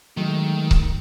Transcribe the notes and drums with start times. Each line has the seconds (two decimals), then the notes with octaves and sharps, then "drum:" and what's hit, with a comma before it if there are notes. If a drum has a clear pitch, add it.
0.17 D#3 F#3 G#3 A3
0.71 drum: kick C#1